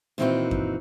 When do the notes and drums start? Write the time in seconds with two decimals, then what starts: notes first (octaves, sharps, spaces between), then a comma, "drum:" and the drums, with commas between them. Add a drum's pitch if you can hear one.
0.18 A#2 D#3 E3 C4 D#4 F#4
0.51 drum: kick F#2